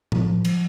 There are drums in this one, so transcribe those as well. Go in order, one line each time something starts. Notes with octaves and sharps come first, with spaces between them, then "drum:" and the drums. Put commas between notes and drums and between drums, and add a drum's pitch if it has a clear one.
F3, drum: tom A2
F3, drum: cymbal